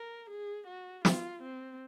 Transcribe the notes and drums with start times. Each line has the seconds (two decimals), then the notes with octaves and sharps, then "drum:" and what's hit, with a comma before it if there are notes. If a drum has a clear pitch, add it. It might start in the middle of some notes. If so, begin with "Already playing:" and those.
Already playing: A#4
0.30 G#4
0.67 F#4
1.05 F4, drum: snare
1.42 C4